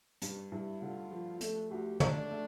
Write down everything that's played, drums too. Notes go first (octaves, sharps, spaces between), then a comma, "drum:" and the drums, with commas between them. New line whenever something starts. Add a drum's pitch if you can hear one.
G2, drum: hi-hat
G2 E4
D3 F4
F3
A3 A4, drum: hi-hat
D2 G4
A3 D4, drum: tom
A3